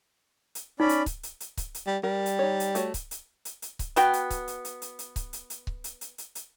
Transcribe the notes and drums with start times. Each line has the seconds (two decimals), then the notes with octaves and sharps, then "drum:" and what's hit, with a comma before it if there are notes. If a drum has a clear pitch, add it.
0.55 drum: hi-hat
0.80 C#4 D#4 D5 B5
0.89 drum: hi-hat
1.06 drum: kick C#1, hi-hat
1.23 drum: hi-hat
1.40 drum: hi-hat
1.57 drum: kick C#1, hi-hat
1.75 drum: hi-hat
1.87 G3
2.03 G3 A#4
2.26 drum: hi-hat
2.39 D#4 C#5
2.60 drum: hi-hat
2.75 A3 F#4 C#5, drum: hi-hat
2.94 drum: kick C#1, hi-hat
3.11 drum: hi-hat
3.45 drum: hi-hat
3.62 drum: hi-hat
3.79 drum: kick C#1, hi-hat
3.96 B3 F#4 G5, drum: hi-hat
4.13 drum: hi-hat
4.30 drum: kick C#1, hi-hat
4.48 drum: hi-hat
4.65 drum: hi-hat
4.82 drum: hi-hat
4.99 drum: hi-hat
5.16 drum: kick C#1, hi-hat
5.33 drum: hi-hat
5.50 drum: hi-hat
5.67 drum: kick C#1
5.84 drum: hi-hat
6.01 drum: hi-hat
6.18 drum: hi-hat
6.35 drum: hi-hat